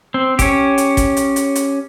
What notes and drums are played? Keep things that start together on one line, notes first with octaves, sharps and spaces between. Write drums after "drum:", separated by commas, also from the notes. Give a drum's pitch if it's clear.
C4
C#4 G4, drum: kick G1, hi-hat
drum: hi-hat
drum: kick G1, hi-hat
drum: hi-hat
drum: hi-hat
drum: hi-hat